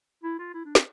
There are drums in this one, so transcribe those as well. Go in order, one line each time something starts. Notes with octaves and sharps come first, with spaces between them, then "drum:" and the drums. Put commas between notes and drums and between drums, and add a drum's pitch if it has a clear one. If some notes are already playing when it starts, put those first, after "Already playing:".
E4
F4
E4
D4
C4, drum: snare